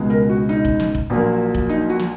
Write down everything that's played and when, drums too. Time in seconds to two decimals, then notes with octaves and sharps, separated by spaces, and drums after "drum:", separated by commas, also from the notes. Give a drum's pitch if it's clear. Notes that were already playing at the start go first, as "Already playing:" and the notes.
Already playing: C#2 B2 G#3
0.10 A#4
0.30 F#4
0.49 D#4
0.65 drum: kick F1
0.80 drum: snare
0.95 drum: kick F1
1.10 A#1 A#2 F#3 A#3
1.54 drum: kick F1
1.69 D#4
1.90 F#4
1.99 drum: snare